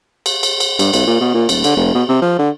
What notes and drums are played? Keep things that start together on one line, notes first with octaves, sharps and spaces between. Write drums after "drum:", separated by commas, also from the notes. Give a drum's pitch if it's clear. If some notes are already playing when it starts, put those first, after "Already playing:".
drum: cymbal
drum: cymbal
drum: cymbal
G2, drum: cymbal
B1, drum: cymbal
A#2
B2
A#2
D#1, drum: cymbal
D3, drum: cymbal
F1
B2
C3
F3
D3